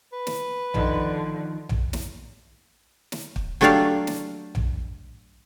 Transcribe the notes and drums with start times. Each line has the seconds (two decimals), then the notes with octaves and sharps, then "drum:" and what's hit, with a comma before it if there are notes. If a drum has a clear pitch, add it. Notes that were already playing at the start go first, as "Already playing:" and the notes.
0.13 B4
0.27 drum: snare
0.74 D3 D#3 F3, drum: tom A#1
1.69 drum: tom A#1
1.93 drum: snare
3.12 drum: snare
3.36 drum: kick
3.61 F#3 A3 D4 G4 D5 F5
4.07 drum: snare
4.55 drum: tom A#1